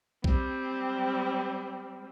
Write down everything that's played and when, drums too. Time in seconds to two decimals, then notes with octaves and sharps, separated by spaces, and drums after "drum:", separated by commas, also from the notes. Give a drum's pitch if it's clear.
0.24 G3 C4, drum: kick B1